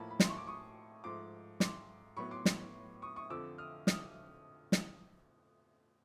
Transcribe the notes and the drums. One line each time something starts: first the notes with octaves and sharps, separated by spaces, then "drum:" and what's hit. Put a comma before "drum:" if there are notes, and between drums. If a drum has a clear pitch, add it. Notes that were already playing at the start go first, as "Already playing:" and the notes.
Already playing: A2 F3 A#3 A5 B5
B5
C6, drum: snare
C#6
D6
C#6 D#6
G#2 F3 A3 C6 D6
C6 D6, drum: snare
A2 F#3 B3 B5 C#6
C6 D6
drum: snare
C#6 D#6
C#6 D#6
F2 D3 F3 D6 E6
D#6 F6
D#6 F6, drum: snare
drum: snare